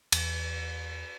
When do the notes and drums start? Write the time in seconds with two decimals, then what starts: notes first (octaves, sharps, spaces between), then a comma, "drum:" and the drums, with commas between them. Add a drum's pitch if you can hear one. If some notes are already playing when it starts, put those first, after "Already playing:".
0.12 E2, drum: cymbal